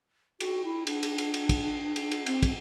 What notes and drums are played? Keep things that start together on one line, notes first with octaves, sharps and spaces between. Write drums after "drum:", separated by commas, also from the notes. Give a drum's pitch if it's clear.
F#4, drum: cymbal
E4
D4, drum: cymbal
drum: cymbal
drum: cymbal
drum: cymbal
drum: kick, cymbal
drum: cymbal
drum: cymbal
C4, drum: cymbal
drum: kick, cymbal